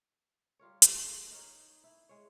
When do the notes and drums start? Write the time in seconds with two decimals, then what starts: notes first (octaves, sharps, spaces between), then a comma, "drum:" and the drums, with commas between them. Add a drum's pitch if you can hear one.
0.59 G3 F4 A#4 C#5
0.82 G#4, drum: hi-hat
1.06 A4
1.31 D#4 A#4 C#5
1.84 E4
2.09 G#3 C#5